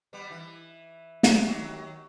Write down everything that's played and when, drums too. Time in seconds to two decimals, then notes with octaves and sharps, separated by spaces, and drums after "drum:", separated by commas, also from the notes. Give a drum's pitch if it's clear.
0.13 G3 B3
0.30 E3
1.23 drum: snare
1.47 D#3 F#3 G4